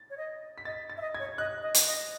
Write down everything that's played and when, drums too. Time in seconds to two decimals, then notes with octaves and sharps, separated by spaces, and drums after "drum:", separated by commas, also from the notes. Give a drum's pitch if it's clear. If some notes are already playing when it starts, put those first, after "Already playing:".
Already playing: A6
0.10 C#5
0.18 D#5
0.58 B6
0.65 D#5 A6
0.90 A6
0.97 E5
1.02 D#5
1.15 C#5 G#6
1.38 D#5 F#6
1.62 D#5
1.74 drum: hi-hat
1.87 D#5